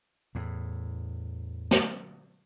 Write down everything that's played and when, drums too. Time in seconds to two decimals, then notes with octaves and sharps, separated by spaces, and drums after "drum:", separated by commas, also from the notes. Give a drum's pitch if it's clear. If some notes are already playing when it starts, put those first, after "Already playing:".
0.35 E2 A2
1.71 drum: snare